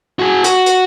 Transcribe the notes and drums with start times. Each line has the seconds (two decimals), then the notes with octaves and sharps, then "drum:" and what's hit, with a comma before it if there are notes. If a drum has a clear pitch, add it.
0.19 F#4 G#4
0.44 F#4, drum: hi-hat
0.66 drum: hi-hat